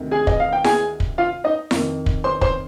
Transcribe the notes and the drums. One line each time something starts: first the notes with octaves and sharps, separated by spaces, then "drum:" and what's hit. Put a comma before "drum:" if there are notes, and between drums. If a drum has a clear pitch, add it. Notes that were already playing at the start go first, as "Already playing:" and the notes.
Already playing: D2 C3 D#3
G#4 G#5
D#5, drum: kick
F5
G5
G#4 G#5, drum: snare E4
drum: kick
F4 F5
D#4 D#5
F2 D#3, drum: snare E4
drum: kick
C5 C6
C5 C6, drum: kick